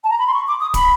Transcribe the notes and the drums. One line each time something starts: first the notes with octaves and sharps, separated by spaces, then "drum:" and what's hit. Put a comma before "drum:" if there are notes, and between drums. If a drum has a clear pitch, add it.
A5
A#5
B5
C6
C#6
D6
D#6
B5, drum: kick, hi-hat